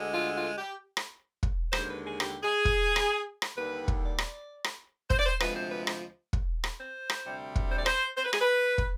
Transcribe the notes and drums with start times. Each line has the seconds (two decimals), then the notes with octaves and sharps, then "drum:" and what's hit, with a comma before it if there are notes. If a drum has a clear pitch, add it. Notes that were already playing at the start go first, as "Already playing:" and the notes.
Already playing: D2 D3 G#3
0.12 F4
0.35 F4
0.58 G4
0.97 drum: rim click
1.43 drum: kick
1.73 D#2 D3 G#3 C5, drum: rim click
1.89 B4
2.04 G#4
2.20 G4, drum: rim click
2.43 G#4
2.65 drum: kick
2.96 drum: rim click
3.42 drum: rim click
3.57 D#2 D3 G3 B4
3.88 drum: kick
4.03 D5
4.18 drum: rim click
4.64 drum: rim click
5.10 C5, drum: kick
5.19 D5
5.26 C5
5.40 D2 C3 F3 G#3 B4, drum: rim click
5.56 C5
5.71 B4
5.87 drum: rim click
6.33 drum: kick
6.64 drum: rim click
6.79 C5
7.10 drum: rim click
7.25 D2 C3 G3
7.56 drum: kick
7.70 C5
7.78 D5
7.86 C5, drum: rim click
8.17 C5
8.25 B4
8.33 G#4, drum: rim click
8.41 B4
8.78 drum: kick